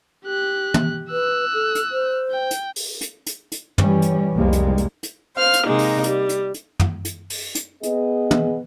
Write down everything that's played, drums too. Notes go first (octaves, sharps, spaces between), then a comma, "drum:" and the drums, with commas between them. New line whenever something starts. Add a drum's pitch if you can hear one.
G4 F#6
drum: tom
B4 E6 F#6
A4
drum: hi-hat
C5
G5
drum: hi-hat
drum: open hi-hat
drum: hi-hat
drum: hi-hat
drum: hi-hat
E3 G3 C#4, drum: tom
drum: hi-hat
F1 C2 G3 G#3 A#3
drum: hi-hat
drum: hi-hat
drum: hi-hat
C5 F5 F6
drum: hi-hat
C3 G#3 A#3 D#4
drum: open hi-hat
G3, drum: hi-hat
drum: hi-hat
drum: hi-hat
drum: tom
drum: hi-hat
drum: open hi-hat
drum: hi-hat
B3 G#4 D#5, drum: hi-hat
drum: tom